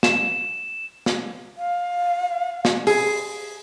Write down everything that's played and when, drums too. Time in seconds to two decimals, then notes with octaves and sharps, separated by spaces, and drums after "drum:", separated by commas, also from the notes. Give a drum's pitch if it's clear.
0.03 E7, drum: snare
1.06 drum: snare
1.57 F5
2.65 drum: snare
2.87 G#4, drum: open hi-hat